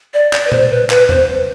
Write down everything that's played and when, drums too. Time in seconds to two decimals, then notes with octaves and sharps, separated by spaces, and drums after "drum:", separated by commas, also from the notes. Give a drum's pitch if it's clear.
0.14 D5
0.33 D5, drum: clap
0.47 B4
0.52 C5, drum: tom A#2
0.71 B4
0.90 B4, drum: clap
1.09 C5, drum: tom E2